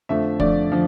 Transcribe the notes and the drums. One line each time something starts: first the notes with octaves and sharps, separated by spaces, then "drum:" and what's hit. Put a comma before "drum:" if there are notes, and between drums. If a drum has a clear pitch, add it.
F2 D3 F3 A3 E5
F2 D3 F3 A3 D5, drum: kick
D3 F3